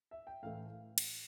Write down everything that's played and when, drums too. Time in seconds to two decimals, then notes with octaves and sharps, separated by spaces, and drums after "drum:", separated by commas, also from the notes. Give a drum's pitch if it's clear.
0.11 E5
0.27 G5
0.42 A2 E3 A3 E4 F5
0.98 drum: cymbal